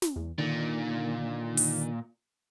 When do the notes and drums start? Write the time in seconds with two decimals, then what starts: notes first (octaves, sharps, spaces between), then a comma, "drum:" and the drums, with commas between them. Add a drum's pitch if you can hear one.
0.02 drum: snare
0.16 E2
0.38 A#2 D3 D#3
1.57 drum: open hi-hat